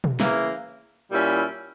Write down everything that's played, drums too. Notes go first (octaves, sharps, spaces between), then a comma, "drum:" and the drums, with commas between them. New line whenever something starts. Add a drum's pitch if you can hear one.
drum: tom
C#3 E3 A#3, drum: snare
A#2 G3 C#4 E4